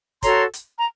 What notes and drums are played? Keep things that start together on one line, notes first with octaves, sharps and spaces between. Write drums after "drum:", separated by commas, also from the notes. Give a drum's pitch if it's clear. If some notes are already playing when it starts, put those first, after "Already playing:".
F#4 A4 C#5 A#5 C6, drum: kick, hi-hat
drum: hi-hat
A#5